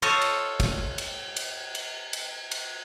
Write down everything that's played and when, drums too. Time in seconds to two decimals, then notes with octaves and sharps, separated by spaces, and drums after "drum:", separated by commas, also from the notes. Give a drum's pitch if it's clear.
0.02 F4 A4 C5 C#5 D#5
0.21 drum: cymbal
0.60 drum: kick, cymbal
0.98 drum: cymbal
1.36 drum: cymbal
1.75 drum: cymbal
2.13 drum: cymbal
2.51 drum: cymbal